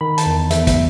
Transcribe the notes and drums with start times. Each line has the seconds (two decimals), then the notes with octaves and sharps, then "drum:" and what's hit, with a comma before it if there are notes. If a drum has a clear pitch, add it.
0.01 D#3 B5
0.18 A5, drum: hi-hat
0.26 E2
0.51 E2 E5, drum: hi-hat
0.67 E5, drum: kick, hi-hat